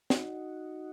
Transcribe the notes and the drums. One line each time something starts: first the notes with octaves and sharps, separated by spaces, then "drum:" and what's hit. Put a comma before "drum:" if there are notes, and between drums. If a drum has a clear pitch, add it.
D#4 F#4, drum: snare